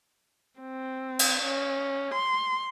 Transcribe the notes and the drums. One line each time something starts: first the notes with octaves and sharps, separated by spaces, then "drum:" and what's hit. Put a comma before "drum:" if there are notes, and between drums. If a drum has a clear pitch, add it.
C4
drum: cymbal
C#4
C6